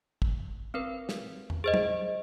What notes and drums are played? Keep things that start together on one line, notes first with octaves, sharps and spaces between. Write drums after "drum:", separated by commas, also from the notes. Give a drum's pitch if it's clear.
drum: kick
C4 A#4 B4
drum: snare
drum: tom E2
G#4 C5 D#5
drum: tom